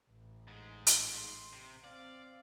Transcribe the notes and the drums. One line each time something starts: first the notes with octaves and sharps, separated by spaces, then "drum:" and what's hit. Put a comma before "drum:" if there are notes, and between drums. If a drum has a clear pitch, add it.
A1
G#2 G#3
drum: hi-hat
C6
C3
C4 D5 F5